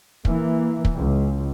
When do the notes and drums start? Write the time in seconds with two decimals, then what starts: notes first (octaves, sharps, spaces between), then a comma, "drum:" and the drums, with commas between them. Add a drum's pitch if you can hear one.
0.25 E3 A#3, drum: kick
0.85 drum: kick
0.97 C#2